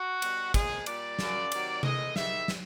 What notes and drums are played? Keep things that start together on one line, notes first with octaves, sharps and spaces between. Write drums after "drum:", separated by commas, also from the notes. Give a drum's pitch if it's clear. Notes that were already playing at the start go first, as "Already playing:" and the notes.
Already playing: F#4
B2 G3, drum: cymbal
A#2 F3 G#3 G#4, drum: kick, cymbal
A#2 G3 D5, drum: cymbal
F#2 C#3 F#3, drum: snare
C3 D#3 F#3, drum: cymbal
A2 E3 G#3 D#5, drum: tom C3
G#2 D#3 G3 E5, drum: snare
drum: snare